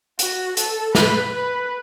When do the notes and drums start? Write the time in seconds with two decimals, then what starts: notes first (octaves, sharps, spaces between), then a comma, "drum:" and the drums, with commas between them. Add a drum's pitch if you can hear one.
0.19 F#4, drum: hi-hat
0.57 A4, drum: hi-hat
0.95 B4, drum: snare
1.34 B4